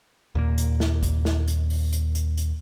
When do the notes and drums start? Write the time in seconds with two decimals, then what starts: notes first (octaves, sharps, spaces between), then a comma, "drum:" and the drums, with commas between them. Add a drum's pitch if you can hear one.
0.35 D#2 A#2 A#3
0.58 drum: hi-hat
0.80 drum: snare
1.03 drum: kick, hi-hat
1.25 drum: snare
1.48 drum: hi-hat
1.70 drum: open hi-hat
1.93 drum: hi-hat
2.15 drum: hi-hat
2.37 drum: hi-hat